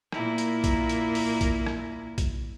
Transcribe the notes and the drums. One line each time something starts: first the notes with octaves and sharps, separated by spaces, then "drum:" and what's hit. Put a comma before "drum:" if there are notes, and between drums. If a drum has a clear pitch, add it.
A#2 A#3 E4, drum: rim click
drum: hi-hat
drum: kick A#1, hi-hat
drum: hi-hat
drum: open hi-hat
drum: kick A#1, hi-hat
drum: rim click
drum: kick A#1, hi-hat